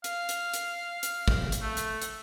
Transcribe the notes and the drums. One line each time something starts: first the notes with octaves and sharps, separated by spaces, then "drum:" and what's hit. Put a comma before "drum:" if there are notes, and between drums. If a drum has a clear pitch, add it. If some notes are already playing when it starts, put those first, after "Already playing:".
F5, drum: hi-hat
drum: hi-hat
drum: hi-hat
drum: hi-hat
drum: kick
drum: hi-hat
A3
drum: hi-hat
drum: hi-hat